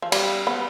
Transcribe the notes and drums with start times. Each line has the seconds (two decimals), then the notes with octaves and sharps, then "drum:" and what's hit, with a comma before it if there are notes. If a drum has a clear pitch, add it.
0.02 F3
0.12 G3, drum: cymbal
0.47 B3